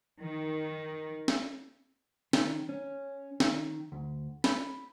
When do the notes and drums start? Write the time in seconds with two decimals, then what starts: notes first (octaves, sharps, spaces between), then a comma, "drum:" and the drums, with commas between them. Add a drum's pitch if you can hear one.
0.20 D#3
1.28 drum: snare
2.33 D#3, drum: snare
2.69 C#4
3.40 D#3, drum: snare
3.92 D2
4.44 B5, drum: snare